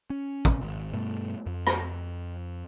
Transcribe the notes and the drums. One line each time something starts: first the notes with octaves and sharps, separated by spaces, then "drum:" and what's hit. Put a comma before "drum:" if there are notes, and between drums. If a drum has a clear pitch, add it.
C#4
drum: kick
G#1
G2 B2 A3
F2
drum: rim click